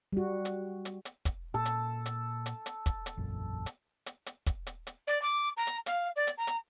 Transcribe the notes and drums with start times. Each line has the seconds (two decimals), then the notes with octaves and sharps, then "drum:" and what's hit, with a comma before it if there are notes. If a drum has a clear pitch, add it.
0.13 G3 F#4
0.45 drum: hi-hat
0.85 drum: hi-hat
1.05 drum: hi-hat
1.25 drum: kick, hi-hat
1.54 A#2 A4
1.65 drum: hi-hat
2.06 drum: hi-hat
2.46 drum: hi-hat
2.66 drum: hi-hat
2.86 drum: kick, hi-hat
3.06 drum: hi-hat
3.17 E1 A#1 F#2
3.66 drum: hi-hat
4.06 drum: hi-hat
4.26 drum: hi-hat
4.46 drum: kick, hi-hat
4.67 drum: hi-hat
4.87 drum: hi-hat
5.07 D5
5.21 D6
5.56 A#5
5.67 drum: hi-hat
5.86 F5, drum: hi-hat
6.16 D5
6.27 drum: hi-hat
6.37 A#5
6.47 drum: hi-hat